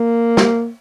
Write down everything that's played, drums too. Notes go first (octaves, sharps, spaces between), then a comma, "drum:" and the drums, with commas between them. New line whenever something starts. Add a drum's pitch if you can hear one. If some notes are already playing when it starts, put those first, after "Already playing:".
Already playing: A#3
drum: snare